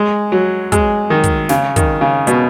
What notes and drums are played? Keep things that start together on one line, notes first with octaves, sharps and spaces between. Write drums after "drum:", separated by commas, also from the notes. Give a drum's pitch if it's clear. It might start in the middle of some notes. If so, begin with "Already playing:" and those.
Already playing: G#3
F#3
G#3, drum: kick, hi-hat
D#3
drum: kick, hi-hat
C#3, drum: snare
D#3, drum: kick, hi-hat
C#3
B2, drum: hi-hat